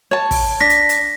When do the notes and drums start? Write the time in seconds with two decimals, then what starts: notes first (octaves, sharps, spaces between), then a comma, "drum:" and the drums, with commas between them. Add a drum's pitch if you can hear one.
0.11 C#5 A5
0.31 drum: kick, open hi-hat
0.60 D4 A#6 B6
0.70 drum: hi-hat
0.89 drum: hi-hat